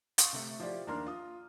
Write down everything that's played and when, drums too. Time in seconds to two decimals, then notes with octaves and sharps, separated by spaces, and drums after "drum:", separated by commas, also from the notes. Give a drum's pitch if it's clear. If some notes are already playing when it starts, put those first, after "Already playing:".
0.18 F5 C6 C#6 D#6, drum: hi-hat
0.33 C3 A3
0.60 F3 E4 F4 G4 D5
0.87 D#2 A#3 D4 A#5 C6 F6
1.06 F4 D#6